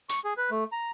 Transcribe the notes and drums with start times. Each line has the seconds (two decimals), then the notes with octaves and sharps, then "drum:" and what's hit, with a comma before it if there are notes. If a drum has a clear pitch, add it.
0.09 C#6, drum: hi-hat
0.24 G#4
0.37 B4
0.50 A3
0.72 A#5